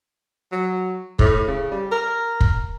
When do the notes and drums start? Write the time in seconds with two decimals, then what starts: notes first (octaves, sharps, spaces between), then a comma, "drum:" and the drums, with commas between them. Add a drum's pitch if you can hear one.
0.52 F#3
1.19 A2, drum: kick
1.48 C#3
1.72 G3
1.92 A#4
2.40 drum: kick